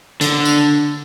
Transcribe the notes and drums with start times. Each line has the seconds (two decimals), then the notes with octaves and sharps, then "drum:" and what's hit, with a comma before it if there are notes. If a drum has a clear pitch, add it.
0.21 D3, drum: hi-hat
0.45 drum: tambourine